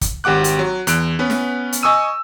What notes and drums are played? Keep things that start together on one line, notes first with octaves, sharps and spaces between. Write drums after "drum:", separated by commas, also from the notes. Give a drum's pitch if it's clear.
drum: kick, hi-hat
G#1 G4 F#5 D6 F#6
drum: hi-hat
F#3
E2 F#6 D7, drum: hi-hat
B3 C#4 B4
drum: snare
drum: hi-hat
D#5 G#5 C#6 D#6 E6 D#7